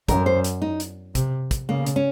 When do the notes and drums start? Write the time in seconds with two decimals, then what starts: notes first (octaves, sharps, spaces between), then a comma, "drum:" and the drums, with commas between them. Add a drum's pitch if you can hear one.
0.08 F#2 A#4, drum: kick, hi-hat
0.26 C5
0.44 drum: hi-hat
0.62 D#4
0.80 drum: hi-hat
1.15 C3, drum: kick, hi-hat
1.51 drum: kick, hi-hat
1.69 C#3 A#3
1.86 drum: hi-hat
1.96 C#4